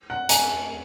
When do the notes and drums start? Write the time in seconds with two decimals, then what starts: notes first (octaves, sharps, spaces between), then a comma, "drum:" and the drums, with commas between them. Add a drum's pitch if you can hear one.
0.10 F#5
0.29 G#5, drum: hi-hat